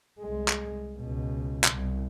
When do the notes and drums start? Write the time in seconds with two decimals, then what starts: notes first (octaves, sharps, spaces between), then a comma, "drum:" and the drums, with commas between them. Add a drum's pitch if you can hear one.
0.19 C2 G#3
0.48 drum: clap
0.98 C#2 B2
1.64 drum: clap
1.74 C2